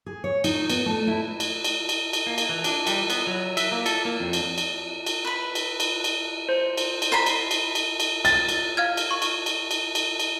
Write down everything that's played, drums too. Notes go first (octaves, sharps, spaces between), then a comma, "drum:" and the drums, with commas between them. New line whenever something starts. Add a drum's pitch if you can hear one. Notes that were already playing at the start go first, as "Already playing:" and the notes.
G#4
C#5
D#4, drum: cymbal
B3, drum: cymbal
A3
E4
drum: cymbal
drum: cymbal
drum: cymbal
drum: cymbal
A#3
drum: cymbal
E3
D4, drum: cymbal
G3, drum: cymbal
B3, drum: cymbal
F#3
E5, drum: cymbal
A#3
A4, drum: cymbal
A#3
F2
drum: cymbal
drum: cymbal
drum: cymbal
B4 B5
drum: cymbal
drum: cymbal
drum: cymbal
C5
drum: cymbal
drum: cymbal
C5 A#5 B5
drum: cymbal
drum: cymbal
drum: cymbal
drum: cymbal
A6, drum: cymbal
drum: cymbal
F5 F6 G#6
drum: cymbal
C#6
drum: cymbal
drum: cymbal
drum: cymbal
drum: cymbal
drum: cymbal